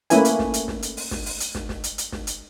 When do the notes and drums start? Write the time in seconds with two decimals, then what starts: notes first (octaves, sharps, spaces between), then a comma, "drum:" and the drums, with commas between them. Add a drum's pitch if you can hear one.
0.10 A3 A#3 C#4 E4 B4 G#5, drum: hi-hat
0.25 drum: hi-hat
0.39 drum: snare
0.54 drum: hi-hat
0.68 drum: snare
0.82 drum: hi-hat
0.97 drum: open hi-hat
1.11 drum: snare
1.26 drum: open hi-hat
1.40 drum: hi-hat
1.55 drum: snare
1.69 drum: snare
1.84 drum: hi-hat
1.98 drum: hi-hat
2.12 drum: snare
2.27 drum: hi-hat